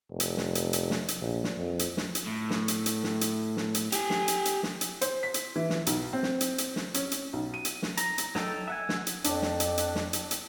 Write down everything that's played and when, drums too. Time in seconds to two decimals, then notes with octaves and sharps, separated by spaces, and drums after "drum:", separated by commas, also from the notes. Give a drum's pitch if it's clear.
0.10 F1
0.20 drum: hi-hat
0.37 drum: snare
0.55 drum: hi-hat
0.73 drum: hi-hat
0.91 drum: snare
1.08 drum: hi-hat
1.22 A#1
1.44 drum: snare
1.58 F2
1.79 drum: hi-hat
1.97 drum: snare
2.15 drum: hi-hat
2.26 A2
2.50 drum: snare
2.68 drum: hi-hat
2.86 drum: hi-hat
3.04 drum: snare
3.21 drum: hi-hat
3.57 drum: snare
3.74 drum: hi-hat
3.92 G4 G#5, drum: hi-hat
4.10 drum: snare
4.28 drum: hi-hat
4.45 drum: hi-hat
4.63 drum: snare
4.81 drum: hi-hat
5.01 C5, drum: hi-hat
5.23 B6
5.34 drum: hi-hat
5.56 E3
5.70 drum: snare
5.87 B1, drum: hi-hat
6.13 C4
6.23 drum: snare
6.41 drum: hi-hat
6.58 drum: hi-hat
6.76 drum: snare
6.94 C#4, drum: hi-hat
7.11 drum: hi-hat
7.33 B1
7.54 D#7
7.65 drum: hi-hat
7.82 drum: snare
7.97 A#5, drum: hi-hat
8.18 drum: hi-hat
8.35 F#3 D#4 A4 G5, drum: snare
8.68 E5 F#5 G#5
8.89 drum: snare
9.07 drum: hi-hat
9.24 F2 D4 C#5, drum: hi-hat
9.42 drum: snare
9.60 drum: hi-hat
9.78 drum: hi-hat
9.95 drum: snare
10.13 drum: hi-hat
10.31 drum: hi-hat